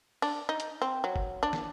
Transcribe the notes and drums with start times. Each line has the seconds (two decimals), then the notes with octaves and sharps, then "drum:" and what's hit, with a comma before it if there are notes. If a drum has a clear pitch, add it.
0.22 D4, drum: open hi-hat
0.49 D#4
0.60 drum: hi-hat
0.82 C4
1.04 F#3
1.16 drum: kick G1
1.43 D4
1.53 drum: snare